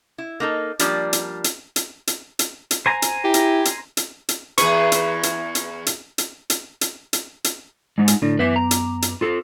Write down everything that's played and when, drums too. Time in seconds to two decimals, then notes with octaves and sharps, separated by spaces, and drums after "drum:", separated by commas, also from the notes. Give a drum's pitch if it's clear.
0.18 E4
0.40 A#3 D#4 A4
0.79 F3 G3 A#3 D4 D5, drum: hi-hat
1.13 drum: hi-hat
1.44 drum: hi-hat
1.76 drum: hi-hat
2.07 drum: hi-hat
2.39 drum: hi-hat
2.71 drum: hi-hat
2.86 C5 G#5 A#5
3.02 drum: hi-hat
3.24 E4 G4
3.34 drum: hi-hat
3.65 drum: hi-hat
3.97 drum: hi-hat
4.29 drum: hi-hat
4.58 E2 G#4 B4 C#6, drum: hi-hat
4.92 drum: hi-hat
5.23 drum: hi-hat
5.55 drum: hi-hat
5.86 drum: hi-hat
6.18 drum: hi-hat
6.50 drum: hi-hat
6.81 drum: hi-hat
7.13 drum: hi-hat
7.44 drum: hi-hat
7.98 G#3 D#4
8.08 drum: hi-hat
8.22 A2 D3 A3 D4
8.39 F#2 B3 B4 E5 D6
8.56 A#5
8.71 drum: hi-hat
9.02 drum: hi-hat
9.21 F4 A4